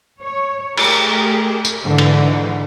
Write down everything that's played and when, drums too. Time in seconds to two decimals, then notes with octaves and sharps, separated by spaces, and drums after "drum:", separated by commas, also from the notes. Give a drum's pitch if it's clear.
0.21 C#5
0.77 A3 G4 G#4 A#4, drum: cymbal
1.65 drum: tambourine
1.86 G#2 D3 E3
1.98 drum: cymbal